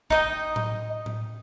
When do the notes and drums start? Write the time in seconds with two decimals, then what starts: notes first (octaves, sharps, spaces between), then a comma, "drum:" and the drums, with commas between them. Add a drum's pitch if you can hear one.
0.10 D#4 D#5 G5, drum: kick
0.56 drum: tom A2
1.06 drum: tom A2